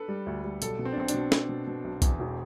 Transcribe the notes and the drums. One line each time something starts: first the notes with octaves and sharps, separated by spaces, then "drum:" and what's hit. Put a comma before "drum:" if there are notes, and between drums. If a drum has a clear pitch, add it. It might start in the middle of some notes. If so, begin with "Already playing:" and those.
Already playing: D4 A4 B4
G3
D2
G3
B1 A4, drum: hi-hat
B2
C4
D4
B1 C4
D4, drum: hi-hat
B2
B2, drum: snare
B2
B2
B1
E2, drum: kick, hi-hat
E1